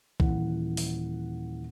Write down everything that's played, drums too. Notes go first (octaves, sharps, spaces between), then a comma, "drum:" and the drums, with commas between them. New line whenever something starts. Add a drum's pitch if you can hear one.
D#1 E3 F#5, drum: kick
drum: open hi-hat